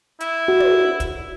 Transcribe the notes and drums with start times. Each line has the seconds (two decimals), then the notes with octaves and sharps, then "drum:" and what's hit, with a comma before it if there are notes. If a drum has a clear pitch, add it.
0.20 E4, drum: hi-hat
0.48 F#4
0.60 drum: tom
1.00 drum: kick, hi-hat